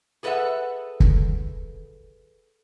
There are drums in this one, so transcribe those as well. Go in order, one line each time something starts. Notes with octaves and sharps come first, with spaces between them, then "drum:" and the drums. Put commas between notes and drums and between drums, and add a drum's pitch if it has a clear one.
G#4 A4 B4 D#5 E5 F#5
drum: kick